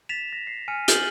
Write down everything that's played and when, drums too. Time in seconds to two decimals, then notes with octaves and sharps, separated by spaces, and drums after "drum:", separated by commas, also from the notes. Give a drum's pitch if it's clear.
0.09 A6 B6 E7 F7
0.33 A#6
0.47 C7
0.68 G#5 F6 C#7 D#7
0.88 F6 G6 A6 C7 F#7 G7, drum: hi-hat